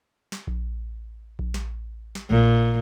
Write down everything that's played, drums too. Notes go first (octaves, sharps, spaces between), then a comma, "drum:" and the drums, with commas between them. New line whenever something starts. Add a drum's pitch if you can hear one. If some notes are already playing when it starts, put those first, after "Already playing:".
drum: snare
drum: kick A#1
drum: kick A#1
drum: snare
drum: snare
A#2, drum: kick A#1